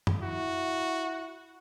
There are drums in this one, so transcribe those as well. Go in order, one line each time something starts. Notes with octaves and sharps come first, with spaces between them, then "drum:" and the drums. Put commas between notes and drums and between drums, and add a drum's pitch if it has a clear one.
drum: tom F#2
E4 F#4